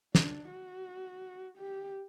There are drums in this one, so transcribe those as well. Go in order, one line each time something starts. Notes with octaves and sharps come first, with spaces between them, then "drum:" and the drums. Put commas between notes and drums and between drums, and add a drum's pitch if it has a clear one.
D4, drum: snare
F#4
G4